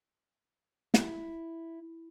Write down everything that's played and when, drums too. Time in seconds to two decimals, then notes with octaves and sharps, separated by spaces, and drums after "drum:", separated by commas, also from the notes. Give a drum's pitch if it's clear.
0.94 E4, drum: snare